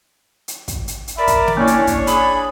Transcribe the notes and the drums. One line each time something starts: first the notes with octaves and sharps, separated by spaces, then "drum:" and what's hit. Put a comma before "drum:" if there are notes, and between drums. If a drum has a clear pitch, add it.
drum: hi-hat
drum: kick, hi-hat
drum: hi-hat
drum: hi-hat
A#4 D5 E5 B5
drum: kick, hi-hat
drum: snare
A#3 C#4 D4 E4 C#5
drum: hi-hat
drum: kick, hi-hat
G#4 B5, drum: hi-hat